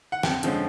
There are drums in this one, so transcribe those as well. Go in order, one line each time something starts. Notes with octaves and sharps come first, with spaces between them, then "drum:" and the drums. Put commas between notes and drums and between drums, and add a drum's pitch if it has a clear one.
F#5
F2 G5, drum: snare
D3 F3 G#3 C#4, drum: hi-hat